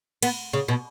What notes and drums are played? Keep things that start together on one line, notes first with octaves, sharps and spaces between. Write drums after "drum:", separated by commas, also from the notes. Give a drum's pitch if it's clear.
B3, drum: cymbal
C#3
B2